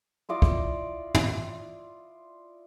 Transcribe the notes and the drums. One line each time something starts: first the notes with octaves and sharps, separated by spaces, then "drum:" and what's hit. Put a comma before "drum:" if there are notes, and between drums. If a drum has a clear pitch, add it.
E4 F4 D5 D#5
drum: kick
drum: tom